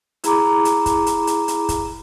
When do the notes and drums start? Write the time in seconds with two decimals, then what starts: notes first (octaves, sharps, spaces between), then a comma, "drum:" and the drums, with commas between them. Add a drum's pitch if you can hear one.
0.24 E4 G#4 A#5 B5 D6, drum: hi-hat
0.65 drum: hi-hat
0.86 drum: kick, hi-hat
1.06 drum: hi-hat
1.27 drum: hi-hat
1.48 drum: hi-hat
1.69 drum: kick, hi-hat